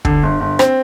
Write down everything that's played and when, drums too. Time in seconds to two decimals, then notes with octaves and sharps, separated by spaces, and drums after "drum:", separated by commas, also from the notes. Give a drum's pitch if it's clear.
0.05 D3, drum: kick
0.23 G1
0.40 G1
0.59 C4, drum: rim click